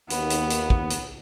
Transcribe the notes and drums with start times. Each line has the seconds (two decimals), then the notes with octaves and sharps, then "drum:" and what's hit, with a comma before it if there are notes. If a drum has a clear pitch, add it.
0.10 D#2 B3, drum: hi-hat
0.30 drum: hi-hat
0.50 drum: hi-hat
0.70 drum: kick
0.90 drum: hi-hat